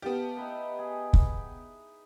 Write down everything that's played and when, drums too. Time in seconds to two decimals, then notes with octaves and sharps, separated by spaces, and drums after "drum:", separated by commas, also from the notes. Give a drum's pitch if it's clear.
0.02 B3 G4 F5 A5
0.37 D#4 E4 B4
0.79 G#4
1.13 drum: kick